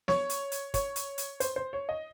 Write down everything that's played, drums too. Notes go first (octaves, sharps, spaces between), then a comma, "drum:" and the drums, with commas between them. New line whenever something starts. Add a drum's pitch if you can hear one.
C#5, drum: snare
drum: hi-hat
drum: hi-hat
C#5, drum: kick, hi-hat
drum: hi-hat
drum: hi-hat
C5, drum: hi-hat
C5
C#5
D#5